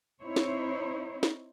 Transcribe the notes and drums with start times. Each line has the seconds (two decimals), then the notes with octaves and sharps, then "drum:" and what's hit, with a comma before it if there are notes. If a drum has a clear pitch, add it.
0.22 C4 D#4 E4 C5 C#5
0.36 drum: snare
1.23 drum: snare